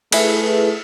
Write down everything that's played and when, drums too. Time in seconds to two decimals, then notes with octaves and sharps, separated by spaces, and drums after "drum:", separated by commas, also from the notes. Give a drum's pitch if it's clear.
0.12 A3 E4 G#4 B4, drum: cymbal